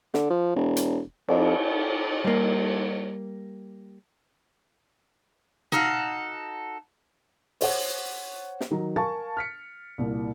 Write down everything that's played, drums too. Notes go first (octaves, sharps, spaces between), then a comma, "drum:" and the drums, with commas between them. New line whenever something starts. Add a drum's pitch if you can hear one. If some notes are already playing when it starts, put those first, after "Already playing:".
D3, drum: snare
F3
E1
drum: hi-hat
F2, drum: cymbal
G3 A#3
D#4 F#4 A4 F5, drum: tom
C5 C#5 F#5, drum: open hi-hat
drum: snare
D#3 F#3 D#4
A#4 F5 G#5 A5 C#6 A6
F6 B6 C#7
C2 A#2